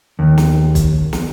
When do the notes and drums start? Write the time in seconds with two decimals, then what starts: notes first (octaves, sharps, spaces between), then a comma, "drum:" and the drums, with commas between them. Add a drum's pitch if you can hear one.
0.19 D#2
0.38 drum: snare
0.75 drum: kick, hi-hat
1.13 drum: snare